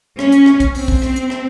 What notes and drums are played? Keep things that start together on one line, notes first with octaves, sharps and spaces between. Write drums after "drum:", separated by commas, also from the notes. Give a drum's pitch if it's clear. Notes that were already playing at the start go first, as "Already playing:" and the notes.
C#4, drum: rim click
drum: hi-hat
drum: rim click
drum: kick, hi-hat
C4, drum: open hi-hat
drum: kick
drum: rim click
drum: hi-hat
drum: rim click